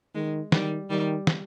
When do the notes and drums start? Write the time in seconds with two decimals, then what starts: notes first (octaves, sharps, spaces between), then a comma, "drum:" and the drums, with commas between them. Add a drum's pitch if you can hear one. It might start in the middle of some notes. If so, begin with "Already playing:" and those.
0.15 D#3 G#3
0.52 D#3 G3, drum: snare
0.90 D#3 G3
1.27 drum: snare